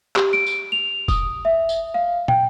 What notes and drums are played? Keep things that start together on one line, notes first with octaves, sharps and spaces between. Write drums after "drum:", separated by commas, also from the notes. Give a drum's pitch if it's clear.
G4, drum: clap
D7
drum: tambourine
F7
D#6, drum: kick E1, tambourine
E5
drum: tambourine
F5
G5, drum: tom